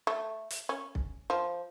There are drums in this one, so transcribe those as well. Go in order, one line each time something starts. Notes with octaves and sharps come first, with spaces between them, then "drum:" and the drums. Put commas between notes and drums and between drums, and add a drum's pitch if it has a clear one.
A3
drum: hi-hat
C#4
drum: kick B1
F3